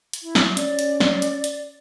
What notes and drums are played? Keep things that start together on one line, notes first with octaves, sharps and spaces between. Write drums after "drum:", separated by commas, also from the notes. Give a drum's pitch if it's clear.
drum: hi-hat
E4
drum: snare
C#4 D5, drum: hi-hat
drum: hi-hat
drum: snare
drum: hi-hat
drum: hi-hat